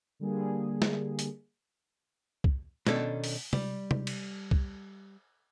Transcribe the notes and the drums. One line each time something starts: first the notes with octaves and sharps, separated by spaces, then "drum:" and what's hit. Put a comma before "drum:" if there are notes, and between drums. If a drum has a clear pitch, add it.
D3 G3 A#3 G#4
drum: snare
drum: hi-hat
drum: kick
B2 D#3 C#4 D4 A4, drum: snare
drum: open hi-hat
G3, drum: tom
drum: tom
drum: cymbal
drum: kick